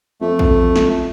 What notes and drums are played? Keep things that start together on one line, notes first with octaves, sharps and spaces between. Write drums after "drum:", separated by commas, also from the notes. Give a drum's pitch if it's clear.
F2 A3
drum: kick
drum: snare